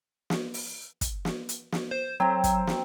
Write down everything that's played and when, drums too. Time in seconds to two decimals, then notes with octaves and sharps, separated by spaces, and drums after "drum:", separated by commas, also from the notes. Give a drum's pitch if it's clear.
0.30 drum: snare
0.54 drum: open hi-hat
1.01 drum: kick, hi-hat
1.25 drum: snare
1.49 drum: hi-hat
1.72 drum: snare
1.91 C5
2.20 F#3 C4 A#5
2.44 drum: kick, hi-hat
2.67 drum: snare